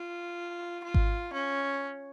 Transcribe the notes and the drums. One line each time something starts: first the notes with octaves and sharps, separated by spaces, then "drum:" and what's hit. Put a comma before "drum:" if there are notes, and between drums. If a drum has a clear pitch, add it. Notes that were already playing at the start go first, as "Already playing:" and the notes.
Already playing: F4
F4
drum: kick G#1
C#4